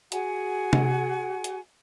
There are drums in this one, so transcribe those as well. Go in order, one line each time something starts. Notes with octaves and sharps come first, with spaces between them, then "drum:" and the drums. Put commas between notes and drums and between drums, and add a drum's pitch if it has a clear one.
F#4 G#4 F#5 G#5, drum: hi-hat
drum: tom C3
drum: hi-hat